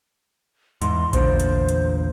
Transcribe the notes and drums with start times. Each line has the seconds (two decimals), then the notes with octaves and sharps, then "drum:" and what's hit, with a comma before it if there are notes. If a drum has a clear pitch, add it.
0.82 E2 G#2 C6, drum: hi-hat
1.13 E2 A#2 D3 C5, drum: kick A#1, hi-hat
1.40 drum: hi-hat
1.69 drum: hi-hat